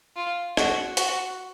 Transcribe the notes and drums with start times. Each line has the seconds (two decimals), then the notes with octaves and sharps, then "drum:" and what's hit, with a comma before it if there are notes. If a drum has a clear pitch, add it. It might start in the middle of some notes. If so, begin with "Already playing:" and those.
0.16 F4
0.57 F#4, drum: rim click
0.97 F#4, drum: hi-hat